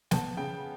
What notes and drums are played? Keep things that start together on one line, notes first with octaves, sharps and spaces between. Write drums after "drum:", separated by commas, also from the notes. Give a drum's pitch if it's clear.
B3 A5, drum: snare
C#3 G5